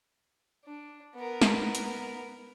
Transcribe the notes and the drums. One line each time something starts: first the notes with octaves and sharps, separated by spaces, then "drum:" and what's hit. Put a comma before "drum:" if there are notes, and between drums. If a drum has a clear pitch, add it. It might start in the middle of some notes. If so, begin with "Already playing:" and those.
D4
B3 A#4
drum: snare
drum: hi-hat